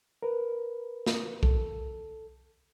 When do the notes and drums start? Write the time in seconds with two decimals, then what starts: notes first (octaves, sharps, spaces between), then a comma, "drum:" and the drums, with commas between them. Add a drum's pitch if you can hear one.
0.23 A#4 B4
1.06 drum: snare
1.43 A4, drum: kick